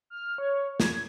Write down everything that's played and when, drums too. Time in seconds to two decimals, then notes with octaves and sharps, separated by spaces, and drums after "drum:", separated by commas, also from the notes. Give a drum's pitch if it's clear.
0.10 F6
0.38 C#5
0.80 G#6, drum: snare